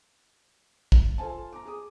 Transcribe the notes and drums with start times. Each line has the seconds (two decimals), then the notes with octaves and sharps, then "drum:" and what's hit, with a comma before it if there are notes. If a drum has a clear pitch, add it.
0.92 drum: kick
1.18 F4 A4 C5 F5 G#5 A5
1.53 A#5 D6
1.65 G#4 D6 D#6